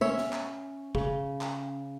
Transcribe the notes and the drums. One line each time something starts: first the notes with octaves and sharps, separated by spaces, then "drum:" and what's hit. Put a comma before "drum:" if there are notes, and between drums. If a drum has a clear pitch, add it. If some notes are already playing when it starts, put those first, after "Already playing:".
C#4 C#5 E5, drum: tambourine
drum: snare
drum: clap
C#3, drum: kick
drum: clap